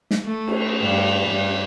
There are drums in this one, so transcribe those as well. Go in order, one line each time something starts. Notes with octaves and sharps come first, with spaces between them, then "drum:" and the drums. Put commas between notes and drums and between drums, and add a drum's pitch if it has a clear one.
drum: snare
A3
drum: cymbal
G2
G2